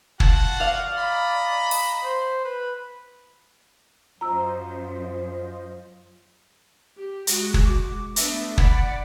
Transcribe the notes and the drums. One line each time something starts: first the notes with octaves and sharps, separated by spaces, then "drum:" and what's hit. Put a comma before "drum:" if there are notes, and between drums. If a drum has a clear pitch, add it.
F4 F#4 F#5 A5, drum: kick
D5 F5
D#5 A#5 B5
drum: open hi-hat
C5
B4
F#2 F4 C5 D#5 A#5 E6
G4
G#3 F#4, drum: hi-hat
drum: kick
D6
A3 B3 D4 E5, drum: hi-hat
D5 F#5 B5, drum: kick